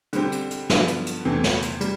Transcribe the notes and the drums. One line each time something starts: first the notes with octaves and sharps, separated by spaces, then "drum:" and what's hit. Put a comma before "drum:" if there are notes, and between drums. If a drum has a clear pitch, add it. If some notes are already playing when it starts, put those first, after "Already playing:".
D3 G3 C4 G4, drum: hi-hat
drum: hi-hat
drum: hi-hat
G2 D3 F3 B3, drum: snare
drum: hi-hat
drum: hi-hat
E2 C3 E3 A3 C4
drum: snare
drum: hi-hat
G3, drum: hi-hat